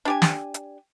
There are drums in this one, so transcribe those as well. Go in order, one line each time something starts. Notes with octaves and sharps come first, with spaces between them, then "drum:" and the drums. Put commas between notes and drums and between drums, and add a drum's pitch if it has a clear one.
D4 G4 G#5
drum: snare
drum: hi-hat